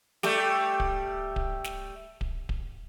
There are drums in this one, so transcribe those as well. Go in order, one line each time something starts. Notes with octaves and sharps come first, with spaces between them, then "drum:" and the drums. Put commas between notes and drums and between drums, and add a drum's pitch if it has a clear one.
G3 A3 G4, drum: snare
drum: kick D1
drum: kick D1
drum: snare
drum: kick D1
drum: kick D1